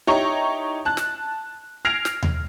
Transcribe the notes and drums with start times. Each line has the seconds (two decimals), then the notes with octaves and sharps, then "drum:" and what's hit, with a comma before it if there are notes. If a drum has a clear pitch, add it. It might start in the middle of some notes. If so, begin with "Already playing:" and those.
0.07 D#4 E4 G4 C#5 A#5 C#6
0.85 A5 F#6
0.97 drum: snare
1.85 F6 G#6 A#6 C7 D7 F7
2.05 drum: snare
2.23 drum: tom D#2